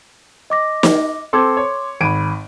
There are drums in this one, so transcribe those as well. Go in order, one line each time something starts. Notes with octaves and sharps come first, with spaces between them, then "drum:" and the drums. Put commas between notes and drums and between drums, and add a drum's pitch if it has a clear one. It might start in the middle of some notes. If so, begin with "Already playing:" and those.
D#5 D6 A#6
drum: snare
C4 A4 C6 D6 G#6
C#5
G#1 B5 G#6 D7 D#7